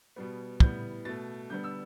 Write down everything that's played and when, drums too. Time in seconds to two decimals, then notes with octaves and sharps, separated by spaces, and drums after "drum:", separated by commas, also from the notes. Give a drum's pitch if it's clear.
0.16 B2 G3 B3
0.60 A2 G3 B3 G6, drum: kick
1.05 B2 A3 A6
1.50 D3 G3 B3 G6
1.64 E6